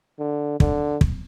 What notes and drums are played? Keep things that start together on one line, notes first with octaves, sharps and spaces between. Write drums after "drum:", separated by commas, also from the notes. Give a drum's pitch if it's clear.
D3
D3, drum: kick
drum: kick